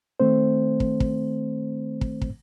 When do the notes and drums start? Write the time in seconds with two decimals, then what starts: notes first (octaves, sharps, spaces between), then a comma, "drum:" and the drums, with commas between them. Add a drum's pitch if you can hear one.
0.20 D#3 A3 C4 C5
0.80 drum: kick
1.00 drum: kick
2.01 drum: kick
2.22 drum: kick